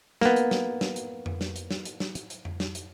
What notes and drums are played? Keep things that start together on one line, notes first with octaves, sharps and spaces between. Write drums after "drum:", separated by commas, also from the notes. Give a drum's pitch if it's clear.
A#3 B3, drum: snare
drum: hi-hat
drum: snare
drum: snare
drum: hi-hat
drum: tom F2
drum: snare
drum: hi-hat
drum: snare
drum: hi-hat
drum: snare
drum: hi-hat
drum: hi-hat
drum: tom F2
drum: snare
drum: hi-hat